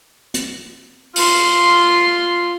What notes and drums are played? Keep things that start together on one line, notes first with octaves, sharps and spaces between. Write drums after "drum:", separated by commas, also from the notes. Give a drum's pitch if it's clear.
drum: hi-hat
F4 C6, drum: open hi-hat